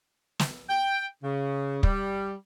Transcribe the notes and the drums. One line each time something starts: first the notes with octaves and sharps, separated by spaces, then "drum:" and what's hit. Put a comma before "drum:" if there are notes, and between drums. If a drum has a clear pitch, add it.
drum: snare
G5
C#3
G3, drum: kick